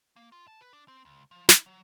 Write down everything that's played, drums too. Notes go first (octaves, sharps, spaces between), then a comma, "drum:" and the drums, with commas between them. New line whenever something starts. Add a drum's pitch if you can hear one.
A#3
F4
A5
B4
D4
C4
C#2
F3
E4, drum: snare
F#3